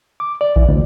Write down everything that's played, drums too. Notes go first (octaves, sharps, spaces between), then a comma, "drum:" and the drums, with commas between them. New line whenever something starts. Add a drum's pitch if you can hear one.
D6
D5
E3, drum: kick A#1
D2